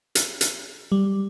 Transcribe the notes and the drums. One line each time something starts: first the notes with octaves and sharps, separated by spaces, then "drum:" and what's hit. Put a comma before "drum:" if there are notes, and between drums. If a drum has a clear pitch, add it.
drum: hi-hat
drum: hi-hat
G3